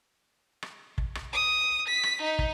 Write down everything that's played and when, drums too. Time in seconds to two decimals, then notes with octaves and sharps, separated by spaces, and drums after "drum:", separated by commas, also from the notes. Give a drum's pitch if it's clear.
0.62 drum: rim click
0.98 drum: kick
1.15 drum: rim click
1.33 D#6
1.88 B6
2.03 drum: rim click
2.22 D#4
2.39 drum: kick